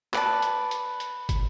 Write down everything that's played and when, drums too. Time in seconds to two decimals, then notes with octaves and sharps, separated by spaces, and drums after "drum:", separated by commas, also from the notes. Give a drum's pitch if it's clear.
0.14 B4 D5 A5, drum: clap
0.42 drum: hi-hat
0.71 drum: hi-hat
1.00 drum: hi-hat
1.29 drum: kick, hi-hat